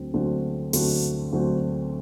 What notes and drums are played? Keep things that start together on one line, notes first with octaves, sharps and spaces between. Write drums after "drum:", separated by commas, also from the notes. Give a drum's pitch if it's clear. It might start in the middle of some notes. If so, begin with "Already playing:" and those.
Already playing: D2 D3 F#3 C4
D2 D3 F#3 C4 F#4
D2 D3 F#3 C4 F#4, drum: open hi-hat
D2 D3 F#3 C4 F#4